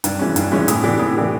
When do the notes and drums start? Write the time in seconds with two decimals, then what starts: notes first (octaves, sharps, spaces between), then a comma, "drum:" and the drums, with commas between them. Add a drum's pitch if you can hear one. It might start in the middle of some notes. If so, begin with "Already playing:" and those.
0.04 G2, drum: hi-hat
0.19 E3 G#3 C#4
0.36 G2, drum: hi-hat
0.52 E3 G#3 C#4
0.68 A2, drum: hi-hat
0.84 E3 A3 D4 G4
0.99 A2
1.16 E3 A3 D4 G4